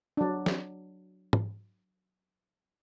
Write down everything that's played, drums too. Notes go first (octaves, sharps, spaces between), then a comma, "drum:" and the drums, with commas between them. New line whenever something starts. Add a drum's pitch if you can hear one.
F#3 D4
drum: snare
drum: tom